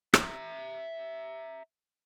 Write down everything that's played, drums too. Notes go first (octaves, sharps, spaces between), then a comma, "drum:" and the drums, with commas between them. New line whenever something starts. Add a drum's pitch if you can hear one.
E5 A#5, drum: rim click